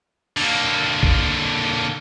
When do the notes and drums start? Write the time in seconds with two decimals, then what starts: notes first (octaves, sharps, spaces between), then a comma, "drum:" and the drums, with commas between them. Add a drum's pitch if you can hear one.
0.37 D3 A#3, drum: cymbal
1.03 drum: kick